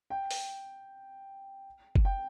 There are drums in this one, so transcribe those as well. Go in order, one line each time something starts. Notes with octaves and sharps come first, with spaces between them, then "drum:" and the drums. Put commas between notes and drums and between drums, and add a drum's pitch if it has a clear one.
G5
drum: open hi-hat
drum: kick F#1
G5